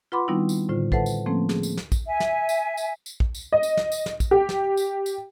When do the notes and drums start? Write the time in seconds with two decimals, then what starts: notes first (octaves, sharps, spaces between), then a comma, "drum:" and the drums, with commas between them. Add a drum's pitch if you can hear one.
0.12 F4 B4 F#5 B5 C6 D6
0.28 D#3 G3 B3 C4 D#4 E4
0.49 drum: tambourine
0.69 A2 D3 F4 C5
0.92 A4 B4 C5 E5 F#5 A5, drum: kick
1.06 drum: tambourine
1.26 F3 A3 A#3 C4 C#4 A4
1.49 G#4, drum: snare
1.63 drum: tambourine
1.77 drum: snare
1.92 drum: kick, tambourine
2.06 E5 G#5
2.20 drum: snare
2.49 drum: tambourine
2.77 drum: tambourine
3.06 drum: tambourine
3.20 drum: kick
3.35 drum: tambourine
3.52 D#5
3.63 drum: tambourine
3.77 drum: snare
3.92 drum: tambourine
4.06 drum: snare
4.20 drum: kick, tambourine
4.31 G4
4.49 drum: snare
4.77 drum: tambourine
5.06 drum: tambourine